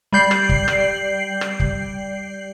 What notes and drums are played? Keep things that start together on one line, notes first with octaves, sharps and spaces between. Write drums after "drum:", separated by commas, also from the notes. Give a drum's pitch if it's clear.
G3 D5 G6 C7 F#7
drum: rim click
drum: kick
drum: rim click
drum: rim click
drum: kick